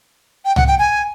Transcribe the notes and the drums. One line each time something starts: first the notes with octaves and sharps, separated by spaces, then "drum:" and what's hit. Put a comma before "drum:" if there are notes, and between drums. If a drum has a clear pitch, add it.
G5
F#5, drum: tom
G5
G#5